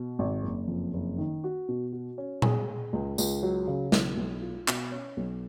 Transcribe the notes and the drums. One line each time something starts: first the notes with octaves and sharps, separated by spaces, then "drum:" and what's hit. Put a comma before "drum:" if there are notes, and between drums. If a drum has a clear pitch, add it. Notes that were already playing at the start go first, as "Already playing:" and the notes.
Already playing: B2
G#1
F#1
F2
F#1
D#3
F#4
B2
F#4
C#4
G#4, drum: tom A#2
G#4
C#2
C#2, drum: tambourine
F#3
C#3
B1, drum: snare
B1
F4
B2, drum: clap
C#4
B1